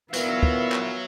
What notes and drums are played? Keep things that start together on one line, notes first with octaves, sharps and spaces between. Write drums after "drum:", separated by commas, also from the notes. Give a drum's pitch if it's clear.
A#2 E3 F#3 B3 E5 F5, drum: tambourine
drum: kick
drum: clap